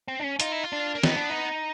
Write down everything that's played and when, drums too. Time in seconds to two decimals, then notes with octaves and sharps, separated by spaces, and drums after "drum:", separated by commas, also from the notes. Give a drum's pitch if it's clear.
0.08 C4
0.19 D4
0.24 C#4
0.40 D#4 F4, drum: hi-hat
0.52 E4
0.63 F4
0.73 D4
0.95 A#3
1.03 B3 D#4, drum: snare
1.17 D4
1.30 D#4